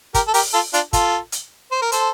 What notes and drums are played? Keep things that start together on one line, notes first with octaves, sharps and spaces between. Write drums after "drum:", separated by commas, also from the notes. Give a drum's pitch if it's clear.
G4 A#4, drum: kick, hi-hat
A4
G4 A#4, drum: open hi-hat
F4 A4
D4 F4, drum: hi-hat
F4 A4, drum: kick, hi-hat
drum: hi-hat
C5
A#4
A4 C5, drum: hi-hat